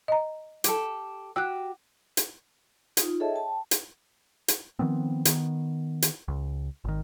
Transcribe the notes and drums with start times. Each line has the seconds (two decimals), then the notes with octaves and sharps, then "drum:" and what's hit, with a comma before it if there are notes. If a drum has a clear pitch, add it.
0.08 D#5 A#5
0.64 G4 A4, drum: hi-hat
1.36 F#4 G4 G5 E6 F#6
2.17 drum: hi-hat
2.97 D#4 F4, drum: hi-hat
3.20 G#4 A4 C#5 D#5 E5 A5
3.32 G5 A5
3.71 drum: hi-hat
4.48 drum: hi-hat
4.79 D#3 F3 B3 C4
5.25 D#3 B3, drum: hi-hat
6.02 drum: hi-hat
6.28 C#2
6.84 G#1 D#3